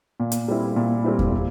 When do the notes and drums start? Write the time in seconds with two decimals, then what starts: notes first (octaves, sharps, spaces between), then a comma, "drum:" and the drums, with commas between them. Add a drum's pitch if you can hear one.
0.20 A#2
0.32 drum: hi-hat
0.48 G3 C4 E4
0.76 A#2
1.04 G3 C4 E4
1.19 drum: kick E2
1.33 A#2